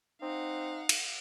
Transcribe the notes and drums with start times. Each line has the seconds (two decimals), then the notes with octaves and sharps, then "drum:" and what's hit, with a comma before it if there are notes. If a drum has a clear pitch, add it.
0.22 C4 D#4 F5 F#5
0.89 drum: cymbal